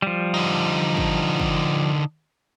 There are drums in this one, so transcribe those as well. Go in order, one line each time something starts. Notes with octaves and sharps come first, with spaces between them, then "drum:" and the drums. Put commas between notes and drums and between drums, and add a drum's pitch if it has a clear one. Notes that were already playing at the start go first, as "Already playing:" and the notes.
F3 G3
D3 D#4
drum: kick
drum: kick